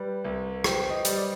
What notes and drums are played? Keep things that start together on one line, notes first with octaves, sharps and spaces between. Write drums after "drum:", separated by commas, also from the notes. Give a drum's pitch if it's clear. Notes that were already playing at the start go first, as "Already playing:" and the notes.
Already playing: G3 B4
C2
G4 C5, drum: rim click
D#5
G3, drum: hi-hat
D5